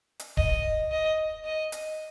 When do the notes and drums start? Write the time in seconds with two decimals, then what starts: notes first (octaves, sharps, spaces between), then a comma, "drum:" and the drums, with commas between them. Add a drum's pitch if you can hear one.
0.19 drum: hi-hat
0.37 D#5, drum: kick D1
0.91 D#5
1.45 D#5
1.72 drum: hi-hat